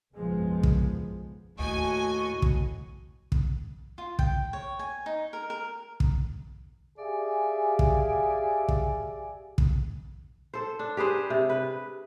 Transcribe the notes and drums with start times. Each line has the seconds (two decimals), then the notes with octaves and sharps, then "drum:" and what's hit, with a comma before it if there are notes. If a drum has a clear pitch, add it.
0.17 F#1 B1 G#2 F3 G#3 B3
0.63 drum: kick
1.59 D#2 A2 F#4 D#5 G#5 C#6
2.42 drum: kick
3.32 drum: kick
3.98 F4
4.19 G5, drum: kick
4.53 C#5
4.79 G#5
5.06 D#4
5.33 A#4
5.50 A#4
6.00 drum: kick
6.99 G4 G#4 D5 E5 F5 G#5
7.79 drum: kick
8.68 drum: kick
9.58 drum: kick
10.54 A4 C5
10.79 D4
10.97 G4 G#4 B4 C5
11.30 C3
11.49 B4